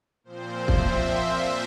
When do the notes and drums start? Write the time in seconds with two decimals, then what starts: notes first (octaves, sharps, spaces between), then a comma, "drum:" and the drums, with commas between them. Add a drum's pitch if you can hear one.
0.24 A#2 F3 C4 C5
0.68 E5, drum: kick